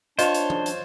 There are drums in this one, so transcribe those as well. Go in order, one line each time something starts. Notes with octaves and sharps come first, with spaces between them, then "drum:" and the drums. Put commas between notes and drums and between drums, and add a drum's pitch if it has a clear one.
D4 F4 C5 C#5 D#5, drum: hi-hat
drum: hi-hat
drum: tom F3
drum: hi-hat